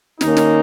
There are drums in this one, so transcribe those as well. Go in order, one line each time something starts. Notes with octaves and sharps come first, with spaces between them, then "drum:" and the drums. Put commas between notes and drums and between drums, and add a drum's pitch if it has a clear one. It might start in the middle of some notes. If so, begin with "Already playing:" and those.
D#2 D#3 A#3 C#4 D#4, drum: snare
drum: snare